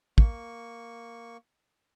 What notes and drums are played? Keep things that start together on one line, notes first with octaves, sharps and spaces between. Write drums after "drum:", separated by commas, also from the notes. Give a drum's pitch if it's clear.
A#3 C#6, drum: kick